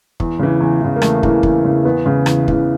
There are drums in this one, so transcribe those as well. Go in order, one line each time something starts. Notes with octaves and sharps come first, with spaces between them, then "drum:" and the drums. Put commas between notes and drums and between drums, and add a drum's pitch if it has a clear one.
E2, drum: kick
C#3 E3
E2
C#3 E3
A#3
E2 A3, drum: rim click
C#3 E3 A#3, drum: kick
E2, drum: kick
C#3 E3
E2 B3
C#3 E3
E2, drum: rim click
C#3 E3, drum: kick